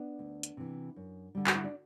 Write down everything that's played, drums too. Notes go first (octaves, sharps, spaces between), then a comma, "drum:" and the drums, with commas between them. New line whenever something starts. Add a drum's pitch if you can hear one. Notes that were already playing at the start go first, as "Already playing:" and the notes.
Already playing: B3 D4
D2
drum: hi-hat
C3 E3
F#2
D3 G3
F#4, drum: clap
E4
D4